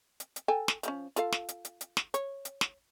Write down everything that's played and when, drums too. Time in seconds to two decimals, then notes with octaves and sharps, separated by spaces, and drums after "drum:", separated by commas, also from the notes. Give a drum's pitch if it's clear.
0.20 drum: hi-hat
0.36 drum: hi-hat
0.48 A4 G5 G#5
0.68 drum: snare
0.83 F3 A#3 C#4, drum: hi-hat
1.16 F4 A4 F5, drum: hi-hat
1.32 drum: snare
1.49 drum: hi-hat
1.65 drum: hi-hat
1.81 drum: hi-hat
1.97 drum: snare
2.14 C#5, drum: hi-hat
2.45 drum: hi-hat
2.61 drum: snare